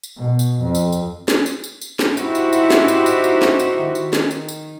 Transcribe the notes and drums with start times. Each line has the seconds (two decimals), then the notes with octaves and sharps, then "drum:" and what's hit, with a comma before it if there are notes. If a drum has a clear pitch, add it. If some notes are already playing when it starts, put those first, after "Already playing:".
0.03 drum: tambourine
0.17 B2
0.39 drum: tambourine
0.62 F2
0.75 drum: tambourine
0.92 drum: tambourine
1.28 drum: snare
1.46 drum: tambourine
1.64 drum: tambourine
1.81 drum: tambourine
1.99 drum: snare
2.17 D#4 E4 F#4 G4 C5 E5, drum: tambourine
2.35 drum: tambourine
2.53 drum: tambourine
2.70 drum: snare
2.88 drum: tambourine
3.06 drum: tambourine
3.24 drum: tambourine
3.42 drum: snare
3.59 drum: tambourine
3.82 D#3
3.95 drum: tambourine
4.13 drum: snare
4.31 drum: tambourine
4.48 drum: tambourine